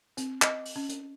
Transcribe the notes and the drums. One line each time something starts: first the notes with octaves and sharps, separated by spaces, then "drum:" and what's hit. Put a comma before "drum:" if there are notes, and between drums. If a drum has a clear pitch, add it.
C4, drum: hi-hat
D#5, drum: clap
drum: open hi-hat
C#4
drum: hi-hat